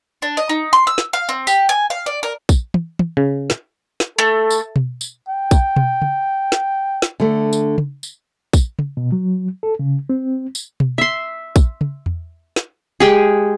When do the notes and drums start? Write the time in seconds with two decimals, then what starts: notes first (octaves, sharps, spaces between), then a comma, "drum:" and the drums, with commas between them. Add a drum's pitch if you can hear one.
0.22 D4
0.37 D#5
0.49 D#4
0.73 C6
0.87 E6
0.98 drum: snare
1.13 F5
1.29 C4
1.47 G4, drum: tambourine
1.69 G#5
1.90 F5
2.06 D5
2.23 A#4
2.49 drum: kick, tambourine
2.74 drum: tom
2.99 drum: tom
3.17 C#3
3.50 drum: snare
4.00 drum: snare
4.19 A3 A4
4.50 drum: tambourine
4.76 drum: tom B2
5.01 drum: tambourine
5.28 G5
5.51 drum: kick, tambourine
5.76 drum: tom B2
6.02 drum: tom
6.52 drum: snare
7.02 drum: snare
7.20 D3 A3
7.53 drum: tambourine
7.78 drum: tom
8.03 drum: tambourine
8.53 drum: kick, tambourine
8.79 drum: tom
8.97 B2
9.12 F#3
9.63 A4
9.79 C#3
10.10 C4
10.55 drum: tambourine
10.80 drum: tom B2
10.98 E5 C6
11.56 drum: kick, tambourine
11.81 drum: tom
12.06 drum: tom E2
12.56 drum: snare
13.00 G#3 G4 G#4